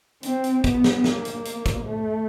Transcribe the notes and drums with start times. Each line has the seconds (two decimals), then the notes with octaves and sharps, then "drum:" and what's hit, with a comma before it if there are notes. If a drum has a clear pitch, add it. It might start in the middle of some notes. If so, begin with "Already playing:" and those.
0.23 C4, drum: hi-hat
0.44 drum: hi-hat
0.64 B3, drum: kick, hi-hat
0.84 drum: snare
1.04 A#3, drum: snare
1.25 drum: hi-hat
1.45 drum: hi-hat
1.66 drum: kick, hi-hat
1.87 A3